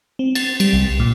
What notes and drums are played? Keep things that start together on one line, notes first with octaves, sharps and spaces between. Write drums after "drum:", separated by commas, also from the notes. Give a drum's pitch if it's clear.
C4
A6, drum: cymbal
G3, drum: cymbal
C2
A#2